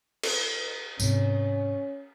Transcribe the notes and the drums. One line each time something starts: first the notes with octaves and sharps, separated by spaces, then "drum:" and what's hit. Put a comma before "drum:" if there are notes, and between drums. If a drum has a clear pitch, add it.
drum: cymbal
G#2 C3 C#4, drum: tambourine